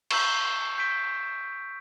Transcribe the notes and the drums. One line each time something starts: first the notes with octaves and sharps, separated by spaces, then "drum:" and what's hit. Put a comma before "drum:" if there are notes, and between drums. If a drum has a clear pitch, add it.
C#6 E6 G6, drum: cymbal
G6 B6 D7